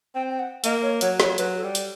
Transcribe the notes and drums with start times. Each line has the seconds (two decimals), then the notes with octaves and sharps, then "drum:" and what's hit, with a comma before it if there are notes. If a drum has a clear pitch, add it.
0.15 C4 G5
0.30 G5
0.39 F#5
0.64 A#3 D#5, drum: hi-hat
0.83 C#5
1.01 F#3 C#5, drum: hi-hat
1.20 C#5, drum: snare
1.38 F#3 B4, drum: hi-hat
1.57 A4
1.63 G3
1.75 drum: hi-hat